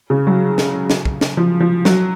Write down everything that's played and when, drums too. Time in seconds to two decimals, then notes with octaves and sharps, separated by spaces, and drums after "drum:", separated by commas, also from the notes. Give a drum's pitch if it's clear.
0.10 C#3
0.27 F#3
0.58 drum: snare
0.90 drum: snare
1.05 drum: kick
1.21 drum: snare
1.37 F3
1.60 F3
1.85 F#3, drum: snare